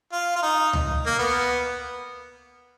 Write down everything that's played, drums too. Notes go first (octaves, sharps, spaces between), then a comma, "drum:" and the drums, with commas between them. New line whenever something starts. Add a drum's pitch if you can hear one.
F4
F4
D#4
drum: tom C#2
A#3
B3